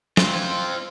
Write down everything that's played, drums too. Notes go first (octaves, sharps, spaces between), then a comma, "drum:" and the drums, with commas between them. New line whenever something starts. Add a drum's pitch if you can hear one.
C4 F4, drum: snare